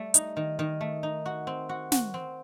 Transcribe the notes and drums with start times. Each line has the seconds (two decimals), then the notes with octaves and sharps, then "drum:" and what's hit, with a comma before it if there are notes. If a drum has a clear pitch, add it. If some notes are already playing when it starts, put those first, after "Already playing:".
Already playing: G3 A3
0.14 D#4, drum: hi-hat
0.37 D#3
0.59 D#3
0.81 A3
1.03 D#4
1.26 F#4
1.47 C4
1.69 F#4
1.92 F#4, drum: snare
2.14 C4